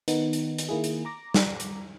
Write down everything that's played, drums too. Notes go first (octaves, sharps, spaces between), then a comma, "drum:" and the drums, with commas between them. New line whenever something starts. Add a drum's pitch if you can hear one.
D#3 B3 D#4, drum: hi-hat
drum: hi-hat
drum: hi-hat
D#3 A#3 E4 G#4
drum: hi-hat
A#5 D6 A#6
drum: snare
drum: hi-hat